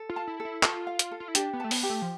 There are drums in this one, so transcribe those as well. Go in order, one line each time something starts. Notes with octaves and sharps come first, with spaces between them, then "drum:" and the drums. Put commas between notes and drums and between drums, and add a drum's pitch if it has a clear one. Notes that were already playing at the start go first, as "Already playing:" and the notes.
Already playing: A4
F4
A5
E4
A4
E4
F4 A5, drum: clap
F5
drum: hi-hat
A4
F4
E4
D4 G4, drum: hi-hat
B3
A3 A5
B3, drum: open hi-hat
G4
A3
F3